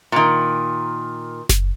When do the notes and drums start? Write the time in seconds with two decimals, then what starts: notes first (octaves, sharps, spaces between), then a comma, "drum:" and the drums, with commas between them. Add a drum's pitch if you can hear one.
0.12 A#2 D#3
1.49 drum: snare F#1